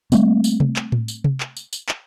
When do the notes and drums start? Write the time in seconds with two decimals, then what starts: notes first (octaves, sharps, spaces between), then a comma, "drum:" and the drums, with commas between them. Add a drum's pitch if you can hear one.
0.12 G3 A3 A#3 C4, drum: tambourine
0.44 drum: tambourine
0.60 drum: tom C3
0.76 drum: clap
0.92 drum: tom A2
1.08 drum: tambourine
1.24 drum: tom C3
1.40 drum: clap
1.57 drum: tambourine
1.73 drum: tambourine
1.89 drum: clap